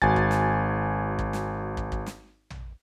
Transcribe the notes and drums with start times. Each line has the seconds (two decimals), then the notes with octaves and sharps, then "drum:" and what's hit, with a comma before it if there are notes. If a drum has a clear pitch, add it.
0.02 G#1 F#4 G#5 A6, drum: kick
0.16 drum: kick
0.31 drum: snare
1.19 drum: kick
1.33 drum: snare
1.77 drum: kick
1.92 drum: kick
2.06 drum: snare
2.50 drum: tom